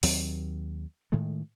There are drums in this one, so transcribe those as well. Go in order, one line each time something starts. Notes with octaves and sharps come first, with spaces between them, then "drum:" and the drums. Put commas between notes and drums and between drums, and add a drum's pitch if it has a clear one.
D#2 F#3 C4, drum: open hi-hat
A2 D#3 G#3 A3